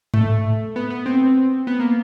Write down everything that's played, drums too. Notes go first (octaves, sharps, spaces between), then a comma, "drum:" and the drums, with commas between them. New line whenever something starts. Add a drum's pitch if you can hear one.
A3, drum: tom G#2
B3
B3
C4
B3
A#3